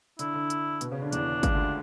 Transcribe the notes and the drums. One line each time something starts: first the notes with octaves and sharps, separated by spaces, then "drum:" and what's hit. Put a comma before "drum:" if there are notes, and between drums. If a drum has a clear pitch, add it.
D3 D4 E4, drum: hi-hat
D3 D4
drum: hi-hat
B2 B3, drum: hi-hat
C#3 C#4
D3 D4
E2 E3 D4, drum: hi-hat
C#2 C#3, drum: kick, hi-hat
D2 D3